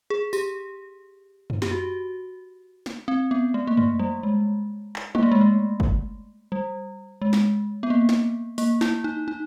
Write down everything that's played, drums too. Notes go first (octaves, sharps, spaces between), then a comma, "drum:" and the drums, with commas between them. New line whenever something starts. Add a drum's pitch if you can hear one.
G#4
G4, drum: tambourine
drum: tom F#2
G4, drum: snare
F#4
drum: snare
C4
B3
A3
A#3
A3, drum: tom F#2
G3
G#3
drum: clap
A#3, drum: tom F#3
A3
G#3
A3
drum: kick
G3
G#3
drum: snare
B3
A#3
drum: snare
A#3, drum: open hi-hat
E4, drum: snare
D#4
D#4